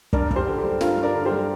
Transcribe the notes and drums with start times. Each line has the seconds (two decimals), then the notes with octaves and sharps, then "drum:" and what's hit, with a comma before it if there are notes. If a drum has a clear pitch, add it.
0.13 G2 A#4 D5, drum: kick
0.31 G2, drum: kick
0.36 G4 C5
0.47 D3
0.58 G4
0.64 G3
0.81 G2 F4 A#4, drum: snare
0.97 G2
1.03 A#4 D5
1.14 D3
1.25 G4 C5
1.31 G3